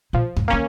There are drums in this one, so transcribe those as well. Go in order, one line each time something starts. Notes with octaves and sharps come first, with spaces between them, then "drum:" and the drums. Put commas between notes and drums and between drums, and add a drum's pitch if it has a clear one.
A#2 F3
G#2, drum: tom D2
D#3 A#3 C#4